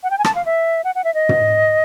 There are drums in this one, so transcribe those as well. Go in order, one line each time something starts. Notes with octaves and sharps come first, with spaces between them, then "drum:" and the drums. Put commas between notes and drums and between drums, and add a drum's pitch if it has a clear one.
F#5
G5
G#5
A5, drum: rim click
F5
E5
F#5
F#5
E5
D#5
drum: tom